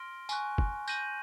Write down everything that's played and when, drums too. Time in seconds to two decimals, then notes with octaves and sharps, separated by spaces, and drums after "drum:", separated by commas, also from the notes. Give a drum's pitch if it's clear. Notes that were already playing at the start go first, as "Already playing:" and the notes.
Already playing: C6 F6 A#6 D7 G7
0.29 G#5 C#6 F#6, drum: tambourine
0.58 drum: kick
0.87 G6 A#6 D#7 F#7, drum: tambourine